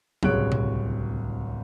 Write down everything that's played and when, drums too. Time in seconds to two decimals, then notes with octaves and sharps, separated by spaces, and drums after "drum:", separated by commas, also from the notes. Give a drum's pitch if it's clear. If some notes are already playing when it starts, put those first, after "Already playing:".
0.23 D1 C2 C#3 C#5 F#6 D7, drum: tom F#3
0.52 drum: tom B2